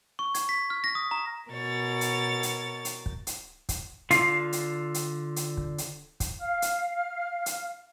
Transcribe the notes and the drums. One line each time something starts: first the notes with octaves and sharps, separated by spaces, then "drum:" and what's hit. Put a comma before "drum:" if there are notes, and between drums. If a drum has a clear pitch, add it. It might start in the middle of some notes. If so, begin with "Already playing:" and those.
C#6
G#6, drum: hi-hat
B6
F6
A#6
D#6
A#5
B2 A#4 C#5 A6
drum: hi-hat
drum: hi-hat
drum: hi-hat
drum: kick
drum: hi-hat
drum: kick, hi-hat
D3 F4 F5, drum: hi-hat
drum: hi-hat
drum: hi-hat
drum: hi-hat
drum: kick
drum: hi-hat
drum: kick, hi-hat
F5 F6
drum: hi-hat
drum: hi-hat